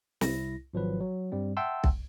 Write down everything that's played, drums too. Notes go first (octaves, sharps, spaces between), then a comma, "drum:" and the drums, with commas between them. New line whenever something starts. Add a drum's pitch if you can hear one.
C2 E4 A#6, drum: snare
G#1 F3 F#3 B4
F#3
G2 G3 C4
E5 F#5 G5 A5 C6 E6
drum: kick B1